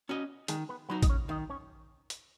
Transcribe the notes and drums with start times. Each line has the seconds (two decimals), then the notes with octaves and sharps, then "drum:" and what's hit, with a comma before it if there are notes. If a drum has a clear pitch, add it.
0.09 C#4 F#4 D#5
0.48 D#3 G#3 G#4, drum: hi-hat
0.69 B3 B4
0.89 F#3 B3 D#4 F#4 B4
1.03 D#5, drum: kick, hi-hat
1.09 C#4 C#5
1.29 D#3 D#4 D#5
1.50 C#4 C#5
2.10 drum: hi-hat